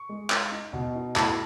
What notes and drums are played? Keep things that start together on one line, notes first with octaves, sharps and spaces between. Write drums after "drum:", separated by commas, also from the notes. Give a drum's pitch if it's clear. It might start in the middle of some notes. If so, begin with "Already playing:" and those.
Already playing: C#6
G#3
D#4, drum: clap
D#4
B2
D#4
A2 A5, drum: clap